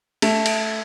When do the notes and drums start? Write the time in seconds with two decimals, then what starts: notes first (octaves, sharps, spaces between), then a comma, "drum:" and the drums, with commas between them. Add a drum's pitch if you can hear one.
0.22 A3, drum: cymbal
0.46 drum: cymbal